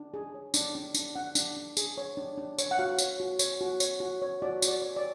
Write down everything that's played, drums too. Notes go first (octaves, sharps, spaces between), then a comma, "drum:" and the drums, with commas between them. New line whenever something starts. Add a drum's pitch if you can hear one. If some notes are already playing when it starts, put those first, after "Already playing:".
Already playing: D4
G#4
C#5
D4, drum: tambourine
D4
D4, drum: tambourine
D4 F#5
D4, drum: tambourine
D4
G#4, drum: tambourine
C#5
D4
D4
C#5, drum: tambourine
F#5
F#4 F5
C#5, drum: tambourine
F#4
C#5, drum: tambourine
F#4
C#5, drum: tambourine
F#4
C#5
F#4 D5
F#4, drum: tambourine
D5
C#5
D5